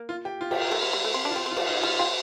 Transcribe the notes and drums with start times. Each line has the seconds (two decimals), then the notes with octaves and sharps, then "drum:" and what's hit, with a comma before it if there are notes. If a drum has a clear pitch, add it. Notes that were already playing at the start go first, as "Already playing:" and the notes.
Already playing: A#3
0.09 F4
0.25 G4
0.41 F4
0.51 G4, drum: cymbal
0.62 A#4
0.72 A3
0.83 G3
0.93 G3
1.04 A3
1.14 C4
1.25 D4
1.30 F4
1.36 C4 G4
1.46 C4
1.51 F4
1.57 G3, drum: cymbal
1.68 D#4
1.83 G3 F4
1.99 F4 G4